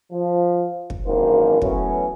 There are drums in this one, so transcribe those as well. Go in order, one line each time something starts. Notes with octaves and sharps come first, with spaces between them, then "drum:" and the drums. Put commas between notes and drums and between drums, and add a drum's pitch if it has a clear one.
F3
drum: kick
G#1 F#2 D#3 E3 A#3 C5
E3 F#3 A3 B3 C#4, drum: kick